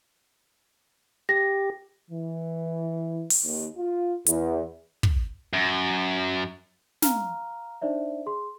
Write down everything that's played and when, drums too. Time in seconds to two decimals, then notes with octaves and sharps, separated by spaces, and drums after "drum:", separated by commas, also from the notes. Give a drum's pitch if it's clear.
1.29 G4 A#6
2.11 E3
3.30 drum: open hi-hat
3.45 D#2
3.78 F4
4.26 E2, drum: hi-hat
5.03 drum: kick
5.53 F#2
7.02 F5 A#5 F6, drum: snare
7.82 D4 D#4 C5 D5 E5
8.26 G#4 C6